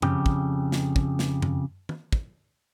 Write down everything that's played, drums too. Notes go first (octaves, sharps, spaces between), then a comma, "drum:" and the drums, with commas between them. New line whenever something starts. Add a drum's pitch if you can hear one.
F2 C#3 G4, drum: tom F#2
drum: kick
drum: snare
drum: kick
drum: snare
drum: tom F#2
drum: tom
drum: kick